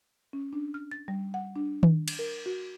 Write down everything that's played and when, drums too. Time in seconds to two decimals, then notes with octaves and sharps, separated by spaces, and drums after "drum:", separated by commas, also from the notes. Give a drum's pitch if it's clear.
0.33 C#4
0.53 D4
0.74 F6
0.91 A6
1.08 G3
1.34 F#5
1.56 D4
1.83 drum: tom D#3
2.08 drum: cymbal
2.19 A#4
2.46 F#4